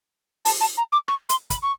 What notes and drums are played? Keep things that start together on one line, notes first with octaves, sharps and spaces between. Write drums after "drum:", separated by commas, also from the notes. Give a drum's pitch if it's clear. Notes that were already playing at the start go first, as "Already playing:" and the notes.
A5, drum: open hi-hat
A5
A#5
D6
C#6, drum: rim click
C6, drum: hi-hat
B5, drum: kick, hi-hat
C#6